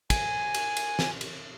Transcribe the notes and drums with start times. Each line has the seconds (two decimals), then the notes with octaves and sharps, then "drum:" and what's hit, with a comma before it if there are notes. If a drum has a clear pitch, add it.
0.10 G#5, drum: kick, cymbal
0.54 drum: cymbal
0.77 drum: cymbal
0.99 drum: snare
1.21 drum: cymbal